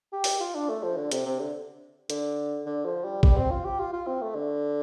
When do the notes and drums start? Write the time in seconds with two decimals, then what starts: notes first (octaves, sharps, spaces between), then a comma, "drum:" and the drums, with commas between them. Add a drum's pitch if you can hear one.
0.12 G4
0.24 drum: open hi-hat
0.40 F4
0.55 D4
0.69 A3
0.83 F3
0.97 D3
1.12 C3, drum: hi-hat
1.25 C3
1.39 D3
2.10 D3, drum: hi-hat
2.66 D3
2.85 F3
3.04 G3
3.23 G3, drum: kick
3.37 C4
3.51 F4
3.65 G4
3.80 F4
3.93 F4
4.07 C4
4.22 A3
4.35 D3